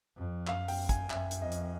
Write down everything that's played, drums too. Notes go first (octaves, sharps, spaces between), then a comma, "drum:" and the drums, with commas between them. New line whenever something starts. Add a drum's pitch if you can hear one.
F2
F#2 F5, drum: clap
G5, drum: open hi-hat
G#5, drum: kick, hi-hat
F#2 E5, drum: clap
drum: hi-hat
F2 D#5
drum: hi-hat